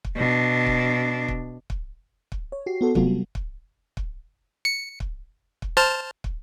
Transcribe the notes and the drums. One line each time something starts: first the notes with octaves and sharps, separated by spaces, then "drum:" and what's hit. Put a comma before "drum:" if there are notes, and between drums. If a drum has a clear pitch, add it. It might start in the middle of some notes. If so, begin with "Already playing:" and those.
drum: kick
B2 D4
drum: kick
drum: kick
drum: kick
drum: kick
C#5
F#4 G4 C7
B3 F#4 A4
C3 F#3 A3 B3 F4 F#4, drum: kick
G3
drum: kick
drum: kick
C#7
drum: kick
drum: kick
C5 A5 F6
drum: kick